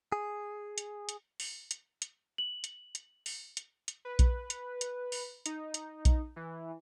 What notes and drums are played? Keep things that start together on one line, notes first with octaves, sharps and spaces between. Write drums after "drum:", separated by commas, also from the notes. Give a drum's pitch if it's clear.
G#4
drum: hi-hat
drum: hi-hat
drum: open hi-hat
drum: hi-hat
drum: hi-hat
F#7
drum: hi-hat
drum: hi-hat
drum: open hi-hat
drum: hi-hat
drum: hi-hat
B4
drum: kick A#1, hi-hat
drum: hi-hat
drum: hi-hat
drum: open hi-hat
D#4, drum: hi-hat
drum: hi-hat
drum: kick A#1, hi-hat
E3